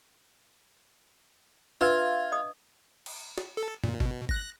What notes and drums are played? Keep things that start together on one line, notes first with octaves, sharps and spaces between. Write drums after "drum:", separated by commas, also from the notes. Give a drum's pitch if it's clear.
D4 F4 B4 E5 F5 E6 G#6
D#5 D#6
drum: cymbal
drum: snare
A4
A#2, drum: tom
B2, drum: kick G1
F#6 A#6, drum: kick G1